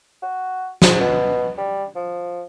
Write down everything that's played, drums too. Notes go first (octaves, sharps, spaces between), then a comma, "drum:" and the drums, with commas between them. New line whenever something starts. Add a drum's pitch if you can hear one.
F#4
G#2, drum: snare
B2
G3
F3